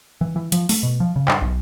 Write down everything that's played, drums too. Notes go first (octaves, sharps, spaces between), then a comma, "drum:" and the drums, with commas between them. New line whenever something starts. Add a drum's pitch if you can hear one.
E3
E3
F3, drum: hi-hat
A3, drum: open hi-hat
B2
F3
C#3
G2, drum: clap
B1